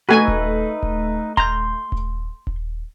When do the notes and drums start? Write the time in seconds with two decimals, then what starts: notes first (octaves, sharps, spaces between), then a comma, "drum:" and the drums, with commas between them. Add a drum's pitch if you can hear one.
0.09 A3 D#4 F#4 A4 B4 G#5
0.28 drum: kick D#1
0.83 drum: kick D#1
1.37 A#5 C6 G6, drum: kick D#1
1.92 drum: kick D#1
2.47 drum: kick D#1